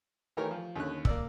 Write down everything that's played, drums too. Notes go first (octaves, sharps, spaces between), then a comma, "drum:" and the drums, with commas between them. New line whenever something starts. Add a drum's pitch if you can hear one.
D#3 E3 A3 G4 A#4 C#5
F3
D#2 D3 C#4 F#6
A#3 D5 E6, drum: kick